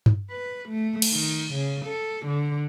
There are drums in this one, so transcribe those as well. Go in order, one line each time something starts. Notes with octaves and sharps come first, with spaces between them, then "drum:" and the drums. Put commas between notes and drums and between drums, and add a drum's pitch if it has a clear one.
drum: tom G2
B4
A3
drum: cymbal
D#3
C#3
A4
D3